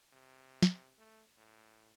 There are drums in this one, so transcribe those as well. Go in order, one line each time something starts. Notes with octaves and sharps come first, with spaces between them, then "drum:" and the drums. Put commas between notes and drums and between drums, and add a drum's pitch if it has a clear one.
C3
drum: snare
A3
A2